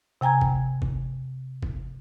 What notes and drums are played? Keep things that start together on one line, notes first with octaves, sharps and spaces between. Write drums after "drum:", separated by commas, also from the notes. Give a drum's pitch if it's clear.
C3 G5 G#5 A#5 G#6
drum: kick F#1
drum: kick F#1
drum: kick F#1